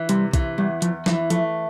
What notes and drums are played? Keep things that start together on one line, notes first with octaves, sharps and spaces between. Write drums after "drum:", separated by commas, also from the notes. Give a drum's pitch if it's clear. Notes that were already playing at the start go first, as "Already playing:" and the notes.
Already playing: E3
C3 G3, drum: hi-hat
E3, drum: kick, hi-hat
E2 G3
E2 F3, drum: hi-hat
E3 F3, drum: snare
F3 A3, drum: hi-hat